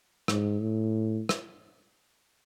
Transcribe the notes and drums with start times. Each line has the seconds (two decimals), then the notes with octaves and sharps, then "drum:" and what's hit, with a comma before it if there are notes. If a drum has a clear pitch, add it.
0.28 G#2, drum: rim click
0.61 A2
1.29 drum: rim click